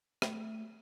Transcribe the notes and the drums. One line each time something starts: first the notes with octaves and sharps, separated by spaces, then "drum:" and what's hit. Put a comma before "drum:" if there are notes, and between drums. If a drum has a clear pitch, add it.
A3, drum: rim click